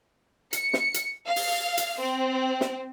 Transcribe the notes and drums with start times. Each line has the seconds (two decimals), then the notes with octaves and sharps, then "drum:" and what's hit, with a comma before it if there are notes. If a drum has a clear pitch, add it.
0.53 C#7, drum: hi-hat
0.73 drum: snare
0.94 drum: hi-hat
1.27 F5
1.36 drum: open hi-hat
1.78 drum: hi-hat
1.99 C4
2.61 drum: snare